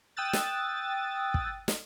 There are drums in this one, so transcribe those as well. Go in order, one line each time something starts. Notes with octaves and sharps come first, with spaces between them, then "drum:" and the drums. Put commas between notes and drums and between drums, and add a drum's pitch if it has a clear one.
G5 D#6 E6 F#6 A6
drum: snare
drum: kick
drum: snare